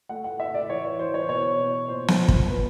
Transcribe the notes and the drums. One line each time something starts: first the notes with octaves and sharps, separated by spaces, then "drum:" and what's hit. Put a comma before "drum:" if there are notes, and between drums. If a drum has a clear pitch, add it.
A3 F#5
F#5
A2 E5
D5
E3 C#5
C#5
E3 C5
C#5
B2 C#5
B2
A#2 C5
drum: snare
A#2
drum: kick
A#2 B4